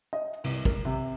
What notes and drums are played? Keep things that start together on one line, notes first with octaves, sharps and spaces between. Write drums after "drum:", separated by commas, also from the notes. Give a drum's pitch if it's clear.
D#5
C2, drum: cymbal
A#4, drum: kick
C3